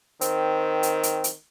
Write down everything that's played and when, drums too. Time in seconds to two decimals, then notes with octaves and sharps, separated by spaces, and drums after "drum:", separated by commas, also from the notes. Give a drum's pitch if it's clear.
0.21 D#3 C4, drum: hi-hat
0.83 drum: hi-hat
1.03 drum: hi-hat
1.24 drum: hi-hat